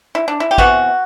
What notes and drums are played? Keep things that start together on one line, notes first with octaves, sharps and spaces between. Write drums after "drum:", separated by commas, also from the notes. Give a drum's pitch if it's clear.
E4
D4
E4
G4
C3 E3 B3 F#4, drum: kick